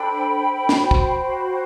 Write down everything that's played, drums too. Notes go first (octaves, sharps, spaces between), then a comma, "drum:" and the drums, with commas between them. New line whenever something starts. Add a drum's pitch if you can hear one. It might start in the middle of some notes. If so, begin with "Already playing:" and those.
Already playing: D4 A4 C5 G5 B5
F#4 C5, drum: snare
drum: kick